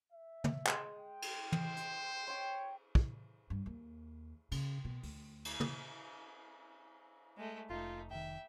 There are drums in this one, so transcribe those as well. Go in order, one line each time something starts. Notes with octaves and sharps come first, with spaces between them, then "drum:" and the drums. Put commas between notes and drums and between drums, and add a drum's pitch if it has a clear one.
E5
drum: tom
G#3, drum: clap
G5
drum: cymbal
C5, drum: tom
drum: hi-hat
C#5 G5 C6
drum: kick
G2
D#2
C#3, drum: cymbal
B2
D2, drum: open hi-hat
drum: cymbal
drum: tom
G#3 A3
F1 A3 D#4 F4
F1 D#3 E5 G5